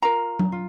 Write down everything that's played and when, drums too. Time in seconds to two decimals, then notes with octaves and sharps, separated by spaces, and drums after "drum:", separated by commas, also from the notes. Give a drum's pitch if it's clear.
0.02 F4 A#4 A#5
0.39 drum: tom F#3
0.52 F4